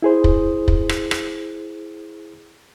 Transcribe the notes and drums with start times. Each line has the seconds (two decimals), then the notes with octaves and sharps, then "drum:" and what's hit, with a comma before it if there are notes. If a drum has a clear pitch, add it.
0.02 E4 G#4 C5
0.24 drum: kick
0.68 drum: kick
0.89 drum: rim click
1.11 drum: rim click